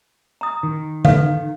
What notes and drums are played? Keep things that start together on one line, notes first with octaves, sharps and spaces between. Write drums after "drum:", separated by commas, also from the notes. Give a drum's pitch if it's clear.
A#5 D#6
D#3
A4 B4 F5, drum: tom D3